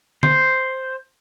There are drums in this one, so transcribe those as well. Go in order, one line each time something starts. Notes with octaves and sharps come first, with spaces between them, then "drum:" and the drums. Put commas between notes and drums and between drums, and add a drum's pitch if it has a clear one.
C5, drum: tom D3